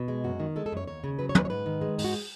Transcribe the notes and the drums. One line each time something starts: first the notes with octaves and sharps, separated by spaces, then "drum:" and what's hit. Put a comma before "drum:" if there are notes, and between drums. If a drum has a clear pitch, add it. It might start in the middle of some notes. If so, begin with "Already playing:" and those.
Already playing: B2
G#3
F#2 F#4
D#3
G#3 A4
A4
F#2 C#5
D#2 C#5
C#3
F#3 B4
C#5
D#2 B4, drum: tom
C#5
G#2 B4
D#3
G#3
G#2, drum: open hi-hat
F#4
G#4